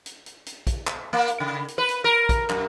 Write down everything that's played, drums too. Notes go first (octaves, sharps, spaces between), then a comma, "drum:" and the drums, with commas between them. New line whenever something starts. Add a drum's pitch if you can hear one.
drum: hi-hat
drum: hi-hat
drum: hi-hat
drum: kick, hi-hat
drum: clap
A#3
drum: hi-hat
C#3
drum: hi-hat
B4
drum: hi-hat
A#4
drum: kick, hi-hat
F#2, drum: clap